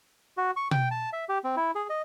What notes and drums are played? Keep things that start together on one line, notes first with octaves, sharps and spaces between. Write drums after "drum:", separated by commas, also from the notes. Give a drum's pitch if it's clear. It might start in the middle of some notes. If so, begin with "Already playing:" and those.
F#4
C#6
G5, drum: tom B2
A5
E5
G4
C4
E4
G#4
D#5